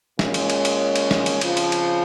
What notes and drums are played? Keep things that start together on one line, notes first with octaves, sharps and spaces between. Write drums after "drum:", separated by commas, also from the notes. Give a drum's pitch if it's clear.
A#2 G#3 C#4, drum: snare
drum: cymbal
drum: cymbal
drum: cymbal
drum: cymbal
drum: snare
drum: cymbal
F2 C#3 F3, drum: cymbal
drum: cymbal
drum: cymbal